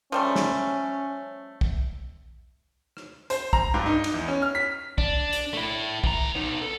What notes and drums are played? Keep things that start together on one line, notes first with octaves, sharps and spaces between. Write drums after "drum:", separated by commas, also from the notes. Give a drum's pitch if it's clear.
F3 G3 A3 C#4
drum: snare
drum: kick
drum: rim click
C5, drum: hi-hat
A#5, drum: kick
G2
D#4
drum: cymbal
E2
C#4
F6
B6
D4, drum: kick
drum: hi-hat
A3 E4
E3 A#5, drum: kick
B3 D#4
A4